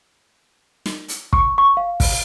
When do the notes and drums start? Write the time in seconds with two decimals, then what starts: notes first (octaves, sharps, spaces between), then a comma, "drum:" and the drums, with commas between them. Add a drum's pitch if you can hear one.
0.86 drum: snare
1.08 drum: hi-hat
1.33 C#6, drum: kick
1.58 C#6
1.77 F5
2.00 drum: kick, open hi-hat